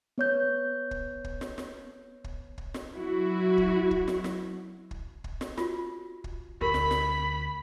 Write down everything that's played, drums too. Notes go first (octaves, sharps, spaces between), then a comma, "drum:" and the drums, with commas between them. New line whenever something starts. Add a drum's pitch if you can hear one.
B3 C#5 G6
drum: kick
drum: kick
drum: snare
drum: snare
drum: kick
drum: kick
drum: snare
F#3 E4 F#4
drum: kick
drum: kick
drum: snare
drum: snare
drum: kick
drum: kick
drum: snare
F4 F#4, drum: snare
drum: kick
D2 G4 A#4 B5
drum: snare
drum: snare